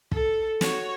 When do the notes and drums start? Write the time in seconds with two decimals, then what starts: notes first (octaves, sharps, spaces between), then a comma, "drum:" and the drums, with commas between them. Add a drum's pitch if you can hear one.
0.12 A4, drum: kick
0.61 F#4 C#5, drum: snare